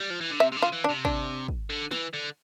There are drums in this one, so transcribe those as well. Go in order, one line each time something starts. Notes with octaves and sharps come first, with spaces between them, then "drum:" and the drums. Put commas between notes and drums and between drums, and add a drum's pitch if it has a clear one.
G3
F3
E3
D3
C3 E5
C3
D3
F4
E3
D4
C3
D4, drum: kick
drum: kick
D3
E3, drum: snare
D3